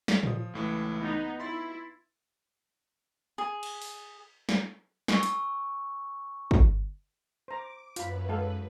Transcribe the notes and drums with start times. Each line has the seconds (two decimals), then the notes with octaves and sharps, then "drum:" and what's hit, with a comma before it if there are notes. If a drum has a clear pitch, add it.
0.08 drum: snare
0.23 F3 D#6, drum: tom A2
0.54 C#2 A2 E3
0.99 B3 D#4
1.40 E4 B5 C6 A6
3.38 G#4
3.63 drum: cymbal
3.82 drum: open hi-hat
4.49 drum: snare
5.08 G#5 C#6 E6, drum: snare
5.23 drum: hi-hat
6.51 drum: kick
7.48 C5 A#5 D6
7.96 F#2 F4 B4 B5, drum: hi-hat
8.29 G#3 A4 F5